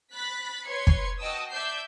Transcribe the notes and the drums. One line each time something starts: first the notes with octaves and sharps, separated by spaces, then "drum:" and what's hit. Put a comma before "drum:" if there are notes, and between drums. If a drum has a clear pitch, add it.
B5 F#6 A6 B6
B4 C#5 C6 G#6 C#7
drum: kick
F#4 D#5 G5 A5 D#6 E6
D5 E5 A5 E6 G6 C7